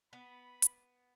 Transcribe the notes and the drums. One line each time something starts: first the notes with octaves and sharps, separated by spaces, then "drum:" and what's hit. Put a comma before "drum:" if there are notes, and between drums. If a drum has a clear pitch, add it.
B3 B5
drum: hi-hat